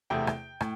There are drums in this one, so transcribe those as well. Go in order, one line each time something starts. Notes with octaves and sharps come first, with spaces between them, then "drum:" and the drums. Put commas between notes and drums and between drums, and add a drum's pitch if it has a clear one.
E2 C3 A3 E4 G5
drum: rim click
A2, drum: rim click